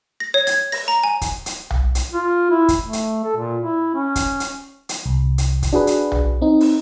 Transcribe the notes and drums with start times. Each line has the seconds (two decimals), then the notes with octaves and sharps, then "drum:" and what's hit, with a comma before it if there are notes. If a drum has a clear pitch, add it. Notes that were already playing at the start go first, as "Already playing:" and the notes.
0.20 A#6
0.34 C#5
0.47 G#6, drum: hi-hat
0.72 A#6, drum: open hi-hat
0.88 A#5
1.04 G#5
1.21 drum: kick, hi-hat
1.46 drum: hi-hat
1.70 drum: tom B1
1.95 drum: hi-hat
2.14 F4
2.51 E4
2.68 drum: kick, hi-hat
2.83 A3
2.93 drum: hi-hat
3.24 A4
3.37 A#2
3.61 E4
3.95 C#4
4.15 drum: kick, hi-hat
4.40 drum: hi-hat
4.89 drum: hi-hat
5.06 C2
5.38 drum: hi-hat
5.63 drum: kick, hi-hat
5.73 D4 F#4 G#4 B4
5.87 drum: hi-hat
6.12 drum: tom B1
6.41 C4 D#4
6.61 drum: open hi-hat